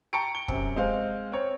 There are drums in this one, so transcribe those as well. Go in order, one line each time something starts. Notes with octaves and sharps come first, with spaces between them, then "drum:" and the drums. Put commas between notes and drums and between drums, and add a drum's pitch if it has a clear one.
G5 A5 A#5 C#6 C#7 D7
G7
F#2 C3, drum: kick
G#3 C4 C5 F5
C4 C#5